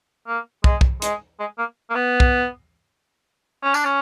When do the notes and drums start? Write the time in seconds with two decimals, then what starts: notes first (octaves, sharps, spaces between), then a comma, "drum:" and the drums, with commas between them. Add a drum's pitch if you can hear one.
0.27 A#3
0.64 G#3, drum: kick
0.81 drum: kick
1.02 G#3, drum: hi-hat
1.40 G#3
1.58 A#3
1.90 A#3
1.95 B3
2.20 drum: kick
3.63 C#4
3.74 D4, drum: tambourine
3.84 C#4